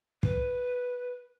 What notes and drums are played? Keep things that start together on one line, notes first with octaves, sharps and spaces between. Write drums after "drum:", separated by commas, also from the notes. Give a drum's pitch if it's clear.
B4, drum: kick